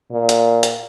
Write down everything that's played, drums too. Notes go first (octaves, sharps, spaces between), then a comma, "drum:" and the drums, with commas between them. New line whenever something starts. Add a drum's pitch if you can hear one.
A#2
drum: hi-hat
drum: hi-hat